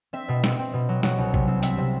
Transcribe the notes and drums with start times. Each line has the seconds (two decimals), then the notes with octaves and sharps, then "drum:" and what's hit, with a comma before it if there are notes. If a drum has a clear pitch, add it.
0.13 C4 E5
0.29 B2
0.44 C4, drum: snare
0.59 C4
0.74 B2
0.89 F#3
1.03 F#3 F#5, drum: snare
1.18 C2
1.34 C3, drum: kick A1
1.48 C4
1.63 C4 E5, drum: hi-hat
1.78 C3